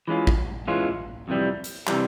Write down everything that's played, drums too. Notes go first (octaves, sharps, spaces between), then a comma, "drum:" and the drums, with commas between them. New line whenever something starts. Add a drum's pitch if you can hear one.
E3 G#3 C#4 F4
drum: kick
E3 G#3 C#4 F4
F2 C3 E3 G3
drum: hi-hat
C3 E3 G3, drum: clap